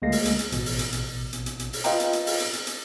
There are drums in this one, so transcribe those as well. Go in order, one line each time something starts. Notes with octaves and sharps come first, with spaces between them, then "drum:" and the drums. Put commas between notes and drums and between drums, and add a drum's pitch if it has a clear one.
D2 G#3 A#3 A#6 C7
drum: open hi-hat
drum: hi-hat
drum: hi-hat
A1 B2, drum: hi-hat
drum: open hi-hat
drum: hi-hat
drum: hi-hat
drum: hi-hat
drum: hi-hat
drum: hi-hat
drum: open hi-hat
F4 B4 D#5 F5 G5 A#5, drum: hi-hat
drum: hi-hat
drum: hi-hat
drum: open hi-hat
drum: hi-hat
drum: hi-hat
drum: hi-hat